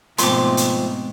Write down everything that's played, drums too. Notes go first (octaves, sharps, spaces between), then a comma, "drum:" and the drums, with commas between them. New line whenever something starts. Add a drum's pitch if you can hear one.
G#2 B2 F3 A3 C4 C6 D6, drum: hi-hat
drum: hi-hat